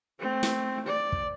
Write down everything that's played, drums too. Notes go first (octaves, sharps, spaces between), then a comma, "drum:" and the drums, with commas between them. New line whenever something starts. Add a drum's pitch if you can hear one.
A3 C4
drum: snare
D5
drum: kick